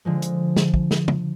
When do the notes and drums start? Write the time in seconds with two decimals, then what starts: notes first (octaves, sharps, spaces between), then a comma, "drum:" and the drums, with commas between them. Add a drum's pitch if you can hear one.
0.05 D3 F3 G#3
0.22 drum: hi-hat
0.56 drum: snare
0.74 drum: kick
0.91 drum: snare
1.08 drum: tom